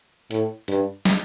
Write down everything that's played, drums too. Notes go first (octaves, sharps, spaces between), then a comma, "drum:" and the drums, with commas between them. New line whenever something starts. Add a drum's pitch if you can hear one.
A2, drum: hi-hat
G2, drum: hi-hat
drum: snare